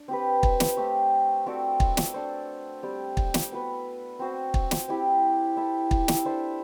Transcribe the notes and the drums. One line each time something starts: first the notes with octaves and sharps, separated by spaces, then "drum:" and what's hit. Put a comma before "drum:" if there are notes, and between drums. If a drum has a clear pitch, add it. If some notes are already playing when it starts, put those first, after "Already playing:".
Already playing: D4
C4 G4 B4
drum: kick
drum: snare
A3 C4 G4
C4 F#4 A4 D5
drum: kick
drum: snare
D4 A4 C5
G3 C4 G4
drum: kick
drum: snare
B3 F#4 B4
C4 F#4 C5
drum: kick
drum: snare
C4 E4 G4
E4 A4 E5
drum: kick
drum: snare
D4 A4 C5 E5